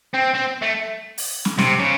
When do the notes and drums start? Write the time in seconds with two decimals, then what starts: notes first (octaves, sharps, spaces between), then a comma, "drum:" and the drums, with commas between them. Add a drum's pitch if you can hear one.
0.14 C4
0.34 C4
0.62 A3
1.18 drum: open hi-hat
1.45 drum: snare
1.59 C3, drum: snare
1.79 C#3